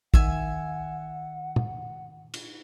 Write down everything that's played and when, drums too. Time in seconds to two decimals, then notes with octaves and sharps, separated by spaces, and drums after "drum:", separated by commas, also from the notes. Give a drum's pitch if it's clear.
0.14 D#3 E5 F#5 G#5, drum: kick
1.56 drum: tom
2.34 drum: cymbal